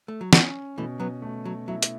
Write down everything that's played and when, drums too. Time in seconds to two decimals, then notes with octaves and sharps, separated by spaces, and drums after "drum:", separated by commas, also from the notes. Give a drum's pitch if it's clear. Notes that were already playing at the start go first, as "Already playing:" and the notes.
0.08 A3
0.21 F#3
0.33 E3 C#4, drum: snare
0.78 B2 E3 A3
1.00 F#3 B3
1.22 A3
1.45 F#3
1.68 F#3 E4
1.83 drum: hi-hat